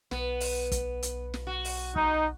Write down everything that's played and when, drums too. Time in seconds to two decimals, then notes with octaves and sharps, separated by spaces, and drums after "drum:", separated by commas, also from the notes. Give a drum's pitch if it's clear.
0.11 B1 B3, drum: snare
0.40 drum: open hi-hat
0.72 drum: kick, hi-hat
1.03 drum: hi-hat
1.34 drum: snare
1.47 F#4
1.65 drum: open hi-hat
1.96 D#4, drum: kick